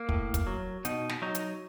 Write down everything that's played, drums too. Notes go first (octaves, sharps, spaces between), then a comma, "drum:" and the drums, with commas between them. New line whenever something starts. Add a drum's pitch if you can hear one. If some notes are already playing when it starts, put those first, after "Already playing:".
Already playing: A#3
A2, drum: kick
drum: kick, hi-hat
F#3
B2 D#4, drum: hi-hat
drum: snare
F#3 D#4
drum: hi-hat